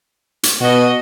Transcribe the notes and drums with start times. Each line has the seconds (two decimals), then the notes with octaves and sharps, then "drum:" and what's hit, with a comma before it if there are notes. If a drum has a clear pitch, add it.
0.43 drum: hi-hat
0.60 B2 F#4 D#5